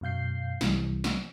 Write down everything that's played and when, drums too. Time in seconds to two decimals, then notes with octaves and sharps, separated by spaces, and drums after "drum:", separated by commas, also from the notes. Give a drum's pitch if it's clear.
0.01 F#2 B2 F5 G6 C7
0.61 C2 C3 E3 G3, drum: snare
1.04 drum: snare